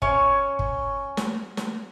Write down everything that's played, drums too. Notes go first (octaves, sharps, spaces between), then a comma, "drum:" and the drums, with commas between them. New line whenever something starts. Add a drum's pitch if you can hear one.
C#4 C#5, drum: kick
drum: kick
drum: snare
drum: snare